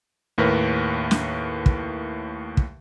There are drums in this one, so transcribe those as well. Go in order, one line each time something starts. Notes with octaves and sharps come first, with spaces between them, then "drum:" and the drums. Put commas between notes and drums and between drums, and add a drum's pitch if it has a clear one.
D#2 A2 A#4 B4
drum: snare
drum: kick
drum: kick